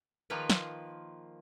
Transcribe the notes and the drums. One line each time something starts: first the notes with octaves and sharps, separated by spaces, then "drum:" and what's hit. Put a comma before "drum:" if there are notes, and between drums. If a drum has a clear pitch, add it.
D#3 F3 A#3 F4 B4
drum: snare